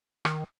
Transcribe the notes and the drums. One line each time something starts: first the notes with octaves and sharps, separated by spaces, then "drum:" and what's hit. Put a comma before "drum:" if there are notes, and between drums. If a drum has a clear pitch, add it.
D#3, drum: rim click